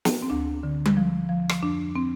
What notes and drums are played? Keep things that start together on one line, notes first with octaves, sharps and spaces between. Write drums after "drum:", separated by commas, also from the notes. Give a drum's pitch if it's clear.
drum: snare
C4
D2 D4
D3
drum: tom G3
F3
F3
drum: rim click
F2 D4
C4